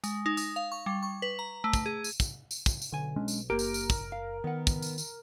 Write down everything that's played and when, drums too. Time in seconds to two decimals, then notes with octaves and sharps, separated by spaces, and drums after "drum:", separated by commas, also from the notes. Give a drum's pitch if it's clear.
0.04 G#3, drum: tambourine
0.26 D#4
0.37 D#6, drum: tambourine
0.56 F5
0.72 C#6
0.86 G3
1.03 C#6
1.22 B4
1.39 A#5
1.64 A3
1.73 drum: kick, tambourine
1.86 G#4
2.04 drum: tambourine
2.20 drum: kick, tambourine
2.51 drum: tambourine
2.66 drum: kick, tambourine
2.82 drum: tambourine
2.92 B1 D3 G#5
3.16 G#3 C#4 D4
3.28 drum: tambourine
3.50 F#1 A#3 G4 A#4 D7
3.59 drum: tambourine
3.74 drum: tambourine
3.90 drum: kick, tambourine
4.12 F5
4.44 D#3 B3 F#5
4.67 drum: kick, tambourine
4.82 drum: tambourine
4.98 drum: tambourine